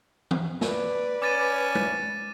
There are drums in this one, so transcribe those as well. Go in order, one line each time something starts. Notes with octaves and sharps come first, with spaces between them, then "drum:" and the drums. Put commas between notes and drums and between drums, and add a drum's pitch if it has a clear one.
drum: tom E3
B4 D5, drum: snare
C#4 D6 A6 D#7
drum: tom G#3